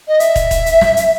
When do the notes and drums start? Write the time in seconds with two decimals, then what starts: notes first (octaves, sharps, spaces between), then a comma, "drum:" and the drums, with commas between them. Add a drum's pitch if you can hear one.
0.08 D#5
0.20 E5, drum: hi-hat
0.36 drum: kick, hi-hat
0.51 drum: kick, hi-hat
0.66 drum: hi-hat
0.81 drum: snare
0.97 drum: hi-hat